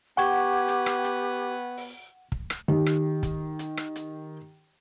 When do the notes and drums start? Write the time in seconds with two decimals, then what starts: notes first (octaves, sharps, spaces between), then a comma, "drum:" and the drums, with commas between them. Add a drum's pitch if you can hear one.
0.17 B3 G4 F#5 G5 C#6 G#6
0.68 drum: hi-hat
0.86 drum: rim click
1.04 drum: hi-hat
1.77 drum: open hi-hat
2.32 drum: kick
2.50 drum: rim click
2.68 D#3 G4
2.86 drum: rim click
3.23 drum: kick, hi-hat
3.59 drum: hi-hat
3.77 drum: rim click
3.96 drum: hi-hat